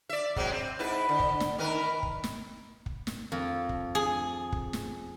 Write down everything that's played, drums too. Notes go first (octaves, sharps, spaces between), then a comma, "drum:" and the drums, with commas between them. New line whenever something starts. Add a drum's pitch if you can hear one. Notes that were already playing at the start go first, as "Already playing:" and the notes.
D5 E5
F#3 G#3 C4, drum: kick
C4
G#2 E4 B4
D3
drum: kick
drum: snare
D#3 A#4 B4
drum: kick
drum: snare
drum: kick
drum: snare
F2
drum: kick
G#4
drum: kick
drum: snare